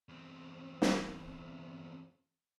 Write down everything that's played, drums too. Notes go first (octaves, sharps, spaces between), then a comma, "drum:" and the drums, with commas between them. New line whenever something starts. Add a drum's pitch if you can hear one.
E2 C4
drum: snare